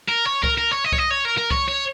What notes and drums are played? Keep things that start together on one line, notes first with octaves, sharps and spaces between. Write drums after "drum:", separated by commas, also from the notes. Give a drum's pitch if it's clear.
A#4
C#5
A#4, drum: kick C2
A#4
C#5
D#5
C#5, drum: kick C2
D#5
C#5
A#4
A#4
C#5, drum: kick C2
C#5